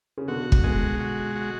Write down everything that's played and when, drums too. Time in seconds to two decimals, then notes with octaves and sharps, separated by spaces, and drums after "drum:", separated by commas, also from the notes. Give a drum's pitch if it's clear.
0.18 C#3
0.28 B2 D3 F#4
0.52 drum: kick
0.64 B2 D3 G#3
1.00 F#4
1.35 F#4